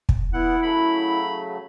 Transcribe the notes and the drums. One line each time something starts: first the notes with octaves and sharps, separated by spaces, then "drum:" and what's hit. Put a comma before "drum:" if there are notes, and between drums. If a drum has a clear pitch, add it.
drum: kick
B3 E4 F#5
C#3 F#3 A3 B5